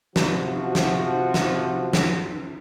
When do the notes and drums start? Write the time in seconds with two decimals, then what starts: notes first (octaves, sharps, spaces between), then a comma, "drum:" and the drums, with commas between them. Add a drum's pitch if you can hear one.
0.16 C3 F3 F#4, drum: snare
0.75 drum: snare
1.34 drum: snare
1.93 drum: snare